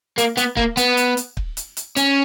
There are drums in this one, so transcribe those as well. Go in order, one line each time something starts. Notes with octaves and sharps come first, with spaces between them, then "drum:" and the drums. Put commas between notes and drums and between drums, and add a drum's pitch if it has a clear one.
A#3, drum: hi-hat
B3, drum: hi-hat
A#3, drum: kick
B3, drum: hi-hat
drum: hi-hat
drum: hi-hat
drum: kick
drum: hi-hat
drum: hi-hat
C#4, drum: hi-hat